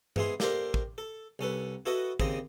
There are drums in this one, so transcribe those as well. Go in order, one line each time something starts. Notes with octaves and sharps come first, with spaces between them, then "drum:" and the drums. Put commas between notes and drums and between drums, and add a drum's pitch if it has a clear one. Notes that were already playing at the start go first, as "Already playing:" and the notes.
G#2 B3 E4 G#4 C6, drum: tom G2
A#3 D4 G4 A4 A#4 C5, drum: snare
drum: kick
A4
C2 C#4 A4 B4
E4 F#4 A4 B4 D#5 F#5
D#2 C#3 C4 D#4 D#5, drum: kick